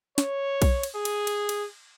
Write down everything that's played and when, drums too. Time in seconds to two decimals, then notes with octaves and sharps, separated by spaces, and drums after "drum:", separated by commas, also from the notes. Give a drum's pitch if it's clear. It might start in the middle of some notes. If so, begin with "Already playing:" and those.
0.18 C#5, drum: snare
0.62 drum: kick B1, cymbal
0.83 drum: cymbal
0.95 G#4
1.05 drum: cymbal
1.27 drum: cymbal
1.49 drum: cymbal